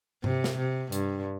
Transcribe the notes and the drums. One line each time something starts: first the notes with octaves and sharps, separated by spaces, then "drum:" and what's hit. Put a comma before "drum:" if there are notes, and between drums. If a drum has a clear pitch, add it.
C3, drum: tom G2
drum: snare
C3
G2, drum: hi-hat